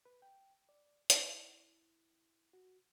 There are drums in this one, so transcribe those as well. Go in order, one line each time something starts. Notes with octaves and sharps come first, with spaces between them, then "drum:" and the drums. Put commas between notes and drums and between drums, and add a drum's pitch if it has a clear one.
B4
G5
D5
E4, drum: hi-hat
F#4